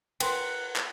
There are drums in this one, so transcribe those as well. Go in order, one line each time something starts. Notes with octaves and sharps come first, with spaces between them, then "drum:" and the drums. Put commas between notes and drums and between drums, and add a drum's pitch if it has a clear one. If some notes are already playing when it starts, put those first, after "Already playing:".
F4 A#4 B4 F#5 G5 C6, drum: cymbal
drum: clap